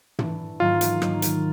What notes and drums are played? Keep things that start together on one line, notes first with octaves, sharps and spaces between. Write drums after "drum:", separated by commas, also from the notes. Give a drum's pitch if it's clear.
E3 A3 D4, drum: tom
G#2 D#3 F#3 A#3 F4
drum: hi-hat
G#2 D#3 F#3 A#3, drum: rim click
drum: hi-hat